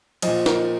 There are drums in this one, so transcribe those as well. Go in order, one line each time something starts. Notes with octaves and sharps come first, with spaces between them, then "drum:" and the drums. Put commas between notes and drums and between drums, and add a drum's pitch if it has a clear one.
A#2 F3 D#5, drum: cymbal
A#4, drum: snare